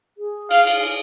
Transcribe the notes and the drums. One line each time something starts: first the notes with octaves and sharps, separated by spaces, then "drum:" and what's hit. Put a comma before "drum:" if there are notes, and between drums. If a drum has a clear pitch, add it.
G#4
F5, drum: cymbal
drum: cymbal
drum: cymbal